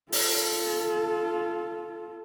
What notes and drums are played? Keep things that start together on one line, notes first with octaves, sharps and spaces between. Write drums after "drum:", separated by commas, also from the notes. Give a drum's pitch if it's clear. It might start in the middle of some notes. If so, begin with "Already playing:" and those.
F4 A4, drum: open hi-hat